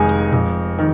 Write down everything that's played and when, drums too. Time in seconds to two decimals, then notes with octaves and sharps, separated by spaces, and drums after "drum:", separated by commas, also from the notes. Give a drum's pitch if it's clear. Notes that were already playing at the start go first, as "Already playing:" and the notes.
Already playing: F1 F2 D#3 G#3 G#5
0.09 drum: hi-hat
0.33 F2, drum: tom A#2
0.78 D#3